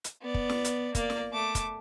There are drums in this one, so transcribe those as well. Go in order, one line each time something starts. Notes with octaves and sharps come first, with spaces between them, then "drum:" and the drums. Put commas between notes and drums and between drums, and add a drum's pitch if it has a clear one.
drum: hi-hat
B3 D5
drum: kick
drum: snare
drum: hi-hat
A#3 D5, drum: kick, hi-hat
drum: snare
A3 D6
drum: kick, hi-hat